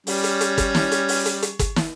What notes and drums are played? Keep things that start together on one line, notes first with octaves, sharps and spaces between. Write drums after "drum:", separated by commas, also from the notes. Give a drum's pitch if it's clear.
G3 C#4, drum: open hi-hat
drum: hi-hat
drum: hi-hat
drum: kick, hi-hat
drum: snare
drum: hi-hat
drum: open hi-hat
drum: hi-hat
drum: hi-hat
drum: kick, hi-hat
drum: snare